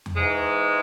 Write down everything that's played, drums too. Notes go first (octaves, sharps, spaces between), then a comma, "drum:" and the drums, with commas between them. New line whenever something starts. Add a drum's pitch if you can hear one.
drum: tom E2
G#2 E3 G#3